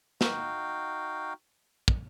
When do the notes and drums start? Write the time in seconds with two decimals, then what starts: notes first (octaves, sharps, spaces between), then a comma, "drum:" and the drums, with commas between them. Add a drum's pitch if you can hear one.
0.21 D#4 F#4 F5 G5, drum: snare
1.88 drum: kick